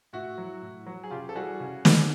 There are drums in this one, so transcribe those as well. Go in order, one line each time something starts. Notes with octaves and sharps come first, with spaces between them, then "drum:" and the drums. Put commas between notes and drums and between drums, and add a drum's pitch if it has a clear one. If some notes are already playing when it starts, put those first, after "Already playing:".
A2 E4 F#4
F#3
A2
F#3
G#4
C#3 F4 G4
A4
E3 G3 F#4 G#4
C#3
E3 G3, drum: snare